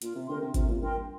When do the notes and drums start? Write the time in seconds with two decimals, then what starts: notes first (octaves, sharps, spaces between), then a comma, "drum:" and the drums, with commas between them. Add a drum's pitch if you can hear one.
0.02 A#2 F4, drum: hi-hat
0.15 C3
0.28 D3 A#4 G5 C6
0.42 C3
0.54 C3 F4, drum: kick G#1, hi-hat
0.68 A#2
0.82 G2 A#4 G5 C6